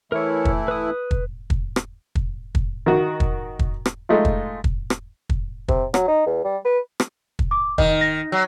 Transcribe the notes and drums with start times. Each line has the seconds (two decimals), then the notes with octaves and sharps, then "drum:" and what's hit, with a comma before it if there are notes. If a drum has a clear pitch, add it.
0.12 E3 A3 E4 A#4 C#5
0.45 drum: kick
0.68 B4 D#6
1.11 drum: kick
1.50 drum: kick
1.76 drum: rim click
2.15 drum: kick
2.55 drum: kick
2.86 D#3 F#4
3.20 drum: kick
3.59 drum: kick
3.86 drum: rim click
4.09 G#3 A3 D#4 F4
4.25 drum: kick
4.64 drum: kick
4.90 drum: rim click
5.29 drum: kick
5.68 C3, drum: kick
5.94 F#3, drum: rim click
6.08 D#4
6.27 E2
6.44 G3
6.65 B4
7.00 drum: rim click
7.39 drum: kick
7.51 D6
7.78 D#3 D#5, drum: kick
8.01 A#6
8.32 F#3